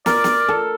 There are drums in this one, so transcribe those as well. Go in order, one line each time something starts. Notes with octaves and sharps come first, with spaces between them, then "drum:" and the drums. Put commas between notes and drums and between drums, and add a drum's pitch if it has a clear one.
A#4 D5, drum: snare
drum: snare
A4